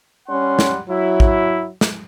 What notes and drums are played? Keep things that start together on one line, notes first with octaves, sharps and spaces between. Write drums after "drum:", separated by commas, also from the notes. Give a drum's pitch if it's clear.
G3 C#4 F#5 C6
drum: snare
F#3 E4
drum: kick
drum: snare